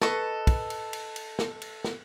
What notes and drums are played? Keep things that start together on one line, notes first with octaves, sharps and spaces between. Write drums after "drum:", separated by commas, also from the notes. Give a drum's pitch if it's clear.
A4 B4 D#5 C#6, drum: snare
drum: kick, cymbal
drum: cymbal
drum: cymbal
drum: cymbal
drum: snare
drum: cymbal
drum: snare